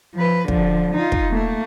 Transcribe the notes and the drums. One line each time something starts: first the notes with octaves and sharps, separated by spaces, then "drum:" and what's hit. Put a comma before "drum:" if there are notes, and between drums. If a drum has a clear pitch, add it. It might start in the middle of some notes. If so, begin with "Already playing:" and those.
F3 B4
D3 F3, drum: kick
D#4 F4
drum: kick
A3 A#3